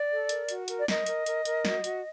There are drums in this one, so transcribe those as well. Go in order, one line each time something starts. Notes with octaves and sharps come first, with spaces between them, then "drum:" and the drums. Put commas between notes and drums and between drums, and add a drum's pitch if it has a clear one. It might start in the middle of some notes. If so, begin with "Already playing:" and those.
Already playing: D5
A4
A#4, drum: hi-hat
F#4, drum: hi-hat
A#4, drum: hi-hat
D5
A#4 D#5, drum: snare
A#4, drum: hi-hat
A#4, drum: hi-hat
A#4, drum: hi-hat
F#4, drum: snare
F#4, drum: hi-hat